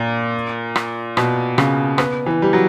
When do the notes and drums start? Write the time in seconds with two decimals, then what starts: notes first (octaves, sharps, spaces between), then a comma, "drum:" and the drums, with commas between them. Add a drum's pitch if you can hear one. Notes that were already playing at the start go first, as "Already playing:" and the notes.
Already playing: A#2
0.76 drum: rim click
1.17 B2, drum: rim click
1.58 C#3, drum: rim click
1.98 B3, drum: rim click
2.26 E3
2.42 G3
2.53 F#3